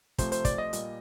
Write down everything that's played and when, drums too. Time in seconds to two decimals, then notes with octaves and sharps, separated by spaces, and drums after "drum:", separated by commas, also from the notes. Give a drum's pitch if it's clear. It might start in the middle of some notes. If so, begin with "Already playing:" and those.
0.18 C3 F3 A3 C5, drum: kick, hi-hat
0.32 C5, drum: hi-hat
0.45 D5, drum: kick, hi-hat
0.58 D#5
0.73 A#2 G3, drum: hi-hat